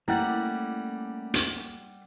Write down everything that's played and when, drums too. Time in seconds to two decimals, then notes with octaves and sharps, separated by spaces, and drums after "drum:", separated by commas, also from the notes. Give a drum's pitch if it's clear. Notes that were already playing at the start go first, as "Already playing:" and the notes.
0.08 G3 A3 A#3 C#4 E4 A#4 D5 F#5
1.34 drum: hi-hat